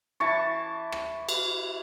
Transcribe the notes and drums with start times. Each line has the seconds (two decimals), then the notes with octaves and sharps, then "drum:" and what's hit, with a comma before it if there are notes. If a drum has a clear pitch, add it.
0.20 E3 A5 C#6
0.92 drum: rim click
1.29 drum: cymbal